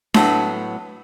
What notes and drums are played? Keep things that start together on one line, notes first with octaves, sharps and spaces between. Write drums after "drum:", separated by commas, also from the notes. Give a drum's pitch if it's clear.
A2 F#3 B3, drum: snare D4